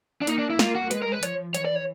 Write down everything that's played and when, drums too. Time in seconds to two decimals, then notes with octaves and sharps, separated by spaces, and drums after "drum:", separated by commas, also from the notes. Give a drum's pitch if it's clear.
0.21 D4
0.27 A#3 D#4, drum: hi-hat
0.38 D4
0.50 E4
0.59 A#3 F4, drum: snare
0.75 F#4
0.91 G#3 B4, drum: hi-hat
1.02 A#4
1.12 B4
1.23 F3 C#5, drum: hi-hat
1.54 E3 C#5, drum: hi-hat
1.65 D5
1.76 C#5